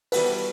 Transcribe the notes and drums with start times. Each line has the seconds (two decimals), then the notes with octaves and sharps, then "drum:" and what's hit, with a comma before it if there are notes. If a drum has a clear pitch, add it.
0.12 E3 G3 B3 F#4 A4 B4, drum: open hi-hat